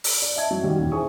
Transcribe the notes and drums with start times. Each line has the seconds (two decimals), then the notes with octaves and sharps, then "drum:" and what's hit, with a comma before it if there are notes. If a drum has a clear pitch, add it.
0.04 drum: open hi-hat
0.22 D5
0.36 D#5 E5 A5 G#6
0.51 F#3
0.63 D#3 G3 C#4 F#4
0.78 D#2 A#2
0.92 E4 G#4 C5 G#5 C#6 D#6